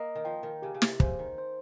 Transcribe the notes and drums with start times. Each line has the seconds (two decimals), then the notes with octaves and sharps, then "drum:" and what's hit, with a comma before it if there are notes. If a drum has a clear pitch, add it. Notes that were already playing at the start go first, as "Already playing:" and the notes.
Already playing: A#3 D#5
0.15 D#3
0.25 F3 G5
0.43 D#3
0.62 C#3 G4
0.74 C#3
0.82 C3, drum: snare
1.00 C#3 C5, drum: kick
1.19 D#3
1.38 C5